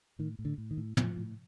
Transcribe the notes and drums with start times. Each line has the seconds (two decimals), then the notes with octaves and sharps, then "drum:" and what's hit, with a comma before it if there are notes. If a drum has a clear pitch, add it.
0.19 A2 D#3
0.39 A2
0.45 D3
0.58 A2
0.71 D#3
0.77 A2
0.97 A2 F3, drum: tom
1.17 A2